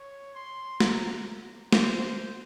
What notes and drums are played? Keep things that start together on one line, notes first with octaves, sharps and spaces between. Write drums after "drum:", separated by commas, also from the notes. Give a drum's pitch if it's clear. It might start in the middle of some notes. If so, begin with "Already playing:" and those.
Already playing: C#5
C6
A#5, drum: snare
C5, drum: snare